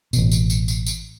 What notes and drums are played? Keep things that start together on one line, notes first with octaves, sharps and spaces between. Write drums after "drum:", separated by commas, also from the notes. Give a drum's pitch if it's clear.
A1 B2, drum: tambourine
drum: tambourine
drum: tambourine
drum: tambourine
drum: tambourine